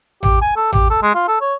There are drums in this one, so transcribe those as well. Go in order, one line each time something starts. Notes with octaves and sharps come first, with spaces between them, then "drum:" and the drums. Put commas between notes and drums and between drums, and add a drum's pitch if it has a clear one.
G4, drum: tom A1
G#5
A4
G4, drum: tom A1
A4
G#3
F4
A4
C#5